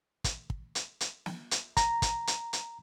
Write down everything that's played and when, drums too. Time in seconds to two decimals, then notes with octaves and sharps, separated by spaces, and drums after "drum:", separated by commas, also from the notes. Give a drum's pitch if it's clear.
0.24 drum: kick, hi-hat
0.50 drum: kick
0.75 drum: hi-hat
1.01 drum: hi-hat
1.26 drum: snare
1.51 drum: hi-hat
1.77 A#5, drum: kick, hi-hat
2.02 drum: kick, hi-hat
2.27 drum: hi-hat
2.53 drum: hi-hat